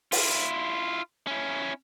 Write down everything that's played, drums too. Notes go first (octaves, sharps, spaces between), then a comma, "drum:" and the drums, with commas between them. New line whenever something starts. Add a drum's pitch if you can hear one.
E4 F4, drum: open hi-hat
C#4 E4